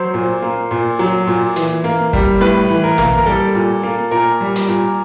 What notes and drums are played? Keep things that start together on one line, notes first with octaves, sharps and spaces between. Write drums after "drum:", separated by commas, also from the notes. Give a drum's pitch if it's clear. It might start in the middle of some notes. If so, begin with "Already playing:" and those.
Already playing: F#3 C5
A#2
A#3
A#2
F#3
A#2
E3, drum: hi-hat
A#3
G3, drum: kick
A2 B4
E3
A#4
A#3, drum: tom
A#4
G3 A4
A#2
A#3
A#2 A#4
G3
drum: hi-hat
A#2